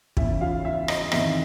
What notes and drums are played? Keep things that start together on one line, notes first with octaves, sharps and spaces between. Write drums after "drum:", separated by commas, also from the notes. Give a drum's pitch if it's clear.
E2 C#3 E3 E5, drum: kick
F4 F5
E5
D#5, drum: rim click
D#5
E2 C3 D#3 E5, drum: rim click